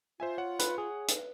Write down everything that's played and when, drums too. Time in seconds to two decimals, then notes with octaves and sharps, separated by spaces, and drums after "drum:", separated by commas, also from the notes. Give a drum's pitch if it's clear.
0.20 F4 C5 E5 G#5
0.38 C#5 F#5
0.59 B4, drum: hi-hat
0.78 G#4
1.08 B4, drum: hi-hat